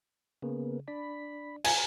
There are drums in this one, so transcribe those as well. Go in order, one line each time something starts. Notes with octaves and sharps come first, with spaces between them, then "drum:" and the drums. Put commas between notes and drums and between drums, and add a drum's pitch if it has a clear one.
C#3 A#3 B3
D4 D5 B5
G#5, drum: cymbal